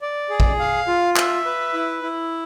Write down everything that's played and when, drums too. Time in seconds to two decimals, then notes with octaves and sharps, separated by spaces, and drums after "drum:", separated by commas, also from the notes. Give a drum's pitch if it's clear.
0.02 D5
0.30 G#4
0.40 drum: kick
0.59 F5
0.88 F4
1.16 E5, drum: clap
1.45 B4
1.74 E4
2.02 E4